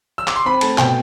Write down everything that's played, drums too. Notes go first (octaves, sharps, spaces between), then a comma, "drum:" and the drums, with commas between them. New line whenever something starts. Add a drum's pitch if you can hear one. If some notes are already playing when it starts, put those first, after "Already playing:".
E6
D6, drum: clap
C6
C4 B5
A3 A5, drum: cymbal
B2 G5, drum: clap